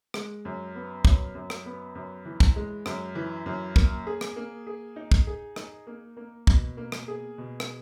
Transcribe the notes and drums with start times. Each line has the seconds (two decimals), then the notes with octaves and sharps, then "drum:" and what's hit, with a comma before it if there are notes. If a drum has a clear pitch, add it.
0.14 G#3, drum: rim click
0.45 F#2
0.75 B3
1.05 F#2, drum: kick
1.35 F#2
1.50 drum: rim click
1.66 B3
1.95 F#2
2.25 E3
2.40 drum: kick
2.56 G#3
2.86 F#2, drum: rim click
3.15 E3
3.46 F#2
3.76 A#3, drum: kick
4.07 G#4
4.21 drum: rim click
4.36 A#3
4.67 G#4
4.96 D#4
5.12 drum: kick
5.27 G#4
5.56 D#4, drum: rim click
5.87 A#3
6.17 A#3
6.47 B2, drum: kick
6.77 A#3
6.92 drum: rim click
7.08 G#4
7.38 B2
7.60 drum: rim click